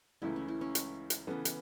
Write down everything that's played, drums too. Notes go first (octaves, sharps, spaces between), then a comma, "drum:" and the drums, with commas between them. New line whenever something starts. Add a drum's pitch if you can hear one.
C#2 C#3 E3 A3 E4
C#4
E4
C#4
drum: hi-hat
drum: hi-hat
C#3 E3 B3 A4
drum: hi-hat